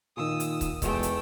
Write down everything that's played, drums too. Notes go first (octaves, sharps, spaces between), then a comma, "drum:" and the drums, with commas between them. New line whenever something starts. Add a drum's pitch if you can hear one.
A#2 D#3 D#6 E6
drum: hi-hat
drum: kick, hi-hat
E2 B2 G#3 A3 G5, drum: kick, hi-hat
drum: hi-hat